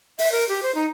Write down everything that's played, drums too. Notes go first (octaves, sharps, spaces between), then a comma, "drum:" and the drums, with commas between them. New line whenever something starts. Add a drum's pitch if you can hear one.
E5, drum: open hi-hat
A#4
G4
C5
D#4